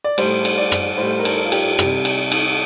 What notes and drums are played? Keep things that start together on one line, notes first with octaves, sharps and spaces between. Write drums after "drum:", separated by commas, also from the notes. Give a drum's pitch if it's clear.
D5
A2 G3 C5, drum: cymbal
drum: cymbal
D5
drum: rim click
A2 G3 C5
A#4
A4, drum: cymbal
F4
G4, drum: cymbal
C3 G3, drum: rim click
drum: cymbal
drum: cymbal